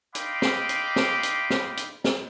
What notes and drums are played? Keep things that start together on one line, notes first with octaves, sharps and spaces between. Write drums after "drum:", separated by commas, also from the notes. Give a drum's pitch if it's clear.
D#5 F5 G5 B5 C6 D6, drum: hi-hat
drum: snare
drum: hi-hat
drum: snare
drum: hi-hat
drum: snare
drum: hi-hat
drum: snare